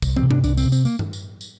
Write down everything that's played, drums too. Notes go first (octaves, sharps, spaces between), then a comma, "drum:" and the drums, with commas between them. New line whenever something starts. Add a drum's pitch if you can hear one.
C2, drum: kick, tambourine
C4, drum: tom
C3
D4, drum: tom G2
C2 D4, drum: tambourine
C4, drum: tambourine
C3
C4, drum: tambourine
A#3, drum: tambourine
drum: tom G2
drum: tambourine
drum: tambourine